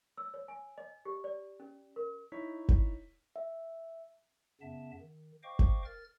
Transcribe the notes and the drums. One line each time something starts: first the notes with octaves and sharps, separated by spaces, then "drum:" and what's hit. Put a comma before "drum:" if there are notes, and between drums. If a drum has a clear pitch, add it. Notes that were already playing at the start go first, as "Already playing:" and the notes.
E6
C#5
G#5
D#5
G4
D5
C#4
A#4
D#4 E4 C#5 B6
drum: kick G#1
E5
F#2 C#3 B3 E5 A5
D#3
C5 D#5 F5 G5 C#6 D6
drum: kick G#1
A#4 F6 A6